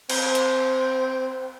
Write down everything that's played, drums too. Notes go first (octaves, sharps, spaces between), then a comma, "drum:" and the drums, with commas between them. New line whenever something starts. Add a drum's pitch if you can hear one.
C4, drum: cymbal
drum: hi-hat